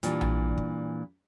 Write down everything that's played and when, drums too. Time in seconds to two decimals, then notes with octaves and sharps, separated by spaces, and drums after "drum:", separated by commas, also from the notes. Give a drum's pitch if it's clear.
0.03 A#2 E3 G3 D4, drum: hi-hat
0.21 drum: tom A#1
0.58 drum: kick